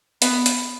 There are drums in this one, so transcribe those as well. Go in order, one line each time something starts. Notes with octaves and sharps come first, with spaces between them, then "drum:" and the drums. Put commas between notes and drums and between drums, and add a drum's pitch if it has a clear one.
B3, drum: hi-hat
drum: hi-hat